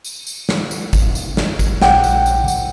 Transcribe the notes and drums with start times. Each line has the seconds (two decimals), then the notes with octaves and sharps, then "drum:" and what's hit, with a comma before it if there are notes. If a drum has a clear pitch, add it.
0.04 drum: tambourine
0.27 drum: tambourine
0.49 drum: snare
0.71 drum: tambourine
0.93 drum: kick, tambourine
1.15 drum: tambourine
1.37 drum: snare
1.59 drum: kick, tambourine
1.82 A#1 F#5 G5 D6, drum: snare
2.04 drum: tambourine
2.26 drum: tambourine
2.48 drum: tambourine